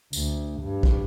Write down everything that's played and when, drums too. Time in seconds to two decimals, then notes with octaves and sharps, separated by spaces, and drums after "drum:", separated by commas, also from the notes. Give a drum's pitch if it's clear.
0.13 D2, drum: tambourine
0.61 G2
0.83 drum: kick A#1